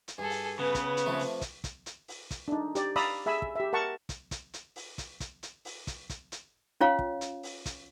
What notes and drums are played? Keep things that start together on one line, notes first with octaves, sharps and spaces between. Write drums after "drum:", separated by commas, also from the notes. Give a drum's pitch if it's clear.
drum: hi-hat
G2 G#4 A4
drum: open hi-hat
C#3 B3 B4
drum: kick, hi-hat
drum: hi-hat
C3 F3 A3
drum: open hi-hat
drum: kick, hi-hat
drum: kick, hi-hat
drum: hi-hat
drum: open hi-hat
drum: kick, hi-hat
D4 D#4
G4 D5, drum: hi-hat
D5 F5 A#5 B5 D#6 E6, drum: open hi-hat
G#4 E5 G#5 B5 E6
drum: kick
G4 E5
A#4 F#5 A5 C#6
drum: kick, hi-hat
drum: kick, hi-hat
drum: hi-hat
drum: open hi-hat
drum: kick, hi-hat
drum: kick, hi-hat
drum: hi-hat
drum: open hi-hat
drum: kick, hi-hat
drum: kick, hi-hat
drum: hi-hat
C#4 F4 C#5 F5
drum: kick
drum: hi-hat
drum: open hi-hat
drum: kick, hi-hat